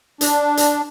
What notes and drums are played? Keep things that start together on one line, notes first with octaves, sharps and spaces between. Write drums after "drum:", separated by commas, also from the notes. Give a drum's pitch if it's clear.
D4, drum: hi-hat
drum: hi-hat